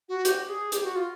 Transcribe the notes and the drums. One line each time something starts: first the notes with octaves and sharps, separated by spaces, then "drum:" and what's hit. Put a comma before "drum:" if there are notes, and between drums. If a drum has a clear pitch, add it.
F#4
G4, drum: hi-hat
G#4
G4, drum: hi-hat
F#4
F4